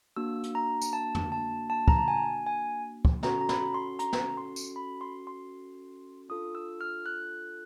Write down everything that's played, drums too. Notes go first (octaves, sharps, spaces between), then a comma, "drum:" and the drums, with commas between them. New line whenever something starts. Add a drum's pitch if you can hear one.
A#3 D4 F#4 E6
drum: hi-hat
A#5
drum: tambourine
A5
drum: tom F2
A5
A5
A#5, drum: kick
A5
G#5
G#5
drum: kick
C#4 F#4 A4 A#5, drum: snare
A#5
B5, drum: snare
C6
A#5, drum: hi-hat
drum: snare
C6
drum: tambourine
B5
C6
C6
D4 F4 A4 D#6
E6
F6
F#6